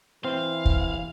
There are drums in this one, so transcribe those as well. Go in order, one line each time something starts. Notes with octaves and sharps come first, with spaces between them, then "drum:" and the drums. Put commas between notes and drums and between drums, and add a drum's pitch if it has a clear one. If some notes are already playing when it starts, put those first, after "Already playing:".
E3 C4 C5 F5
drum: kick